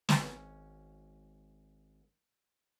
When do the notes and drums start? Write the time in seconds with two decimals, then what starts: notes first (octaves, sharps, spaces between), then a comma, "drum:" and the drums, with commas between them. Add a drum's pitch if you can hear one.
0.09 G#1 C#4, drum: snare